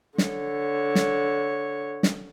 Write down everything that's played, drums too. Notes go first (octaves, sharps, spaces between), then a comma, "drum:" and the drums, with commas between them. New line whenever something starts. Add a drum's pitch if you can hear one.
D3 C#5, drum: snare
drum: snare
drum: snare